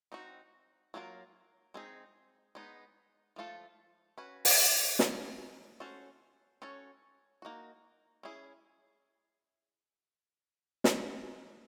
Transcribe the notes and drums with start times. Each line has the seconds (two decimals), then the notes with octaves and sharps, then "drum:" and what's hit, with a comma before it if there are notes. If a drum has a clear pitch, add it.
0.12 C4 D#4 F#4
0.94 F#3 A#3 D4 F4 A#4
1.74 G#3 C4 D#4 G#4
2.55 G#3 B3 D#4
3.36 F3 A3 C4 F4 A4
4.18 C#4 F#4 B4
4.45 drum: open hi-hat
4.99 F3 A#3 C#4, drum: snare
5.80 C#4 F#4 A4 C5
6.62 C#4 F#4 A4 C#5
7.42 A#3 D#4 F#4
8.23 C#4 E4 G#4
10.84 drum: snare